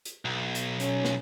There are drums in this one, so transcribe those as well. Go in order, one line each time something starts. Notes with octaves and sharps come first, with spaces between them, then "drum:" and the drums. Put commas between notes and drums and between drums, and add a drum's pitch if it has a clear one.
drum: hi-hat
B1
drum: hi-hat
C#4, drum: hi-hat
drum: snare